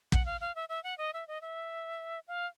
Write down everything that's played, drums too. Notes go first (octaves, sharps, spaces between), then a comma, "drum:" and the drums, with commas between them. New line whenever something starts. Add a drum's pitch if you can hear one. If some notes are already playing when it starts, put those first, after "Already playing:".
F#5, drum: kick
F5
F5
E5
E5
F#5
D#5
E5
D#5
E5
F5